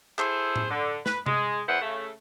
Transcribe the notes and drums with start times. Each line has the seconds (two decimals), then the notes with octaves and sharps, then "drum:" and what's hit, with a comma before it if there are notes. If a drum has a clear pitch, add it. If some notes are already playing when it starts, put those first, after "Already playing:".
0.19 E4 G#4 A4 C5, drum: clap
0.56 drum: tom A2
0.71 D3
1.06 B4, drum: snare
1.26 G#3, drum: tom C3
1.68 E2 B3 E4 C5 F#5
1.81 C#3 A3